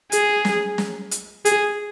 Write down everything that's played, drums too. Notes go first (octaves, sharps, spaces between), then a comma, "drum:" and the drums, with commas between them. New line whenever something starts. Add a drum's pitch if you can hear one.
G#4, drum: hi-hat
drum: snare
drum: snare
drum: hi-hat
G#4, drum: hi-hat